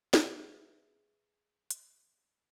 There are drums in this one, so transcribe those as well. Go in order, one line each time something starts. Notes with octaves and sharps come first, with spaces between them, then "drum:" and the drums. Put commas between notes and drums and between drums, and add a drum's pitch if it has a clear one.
G#4 B4 E5, drum: snare
drum: hi-hat